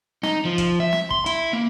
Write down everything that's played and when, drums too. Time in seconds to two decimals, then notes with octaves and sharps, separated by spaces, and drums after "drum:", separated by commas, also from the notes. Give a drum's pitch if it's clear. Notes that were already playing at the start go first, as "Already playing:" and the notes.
0.23 D#4, drum: snare
0.45 F3
0.58 drum: kick, hi-hat
0.80 E5
0.93 drum: snare
1.11 C6, drum: kick
1.26 E4, drum: hi-hat
1.53 A#3